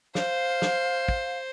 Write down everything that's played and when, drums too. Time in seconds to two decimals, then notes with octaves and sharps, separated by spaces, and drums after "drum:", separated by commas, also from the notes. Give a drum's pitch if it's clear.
0.15 C5 F5, drum: snare
0.62 drum: snare
1.09 drum: kick